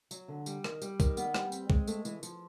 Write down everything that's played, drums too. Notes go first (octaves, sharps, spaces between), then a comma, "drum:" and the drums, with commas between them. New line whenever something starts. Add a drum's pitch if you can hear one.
F#3, drum: tambourine
D3
G3, drum: tambourine
D#3, drum: rim click
G3, drum: tambourine
D#3, drum: kick, tambourine
B3, drum: tambourine
G3, drum: rim click
C4, drum: tambourine
G#3, drum: kick
A3, drum: tambourine
E3, drum: tambourine
F3, drum: tambourine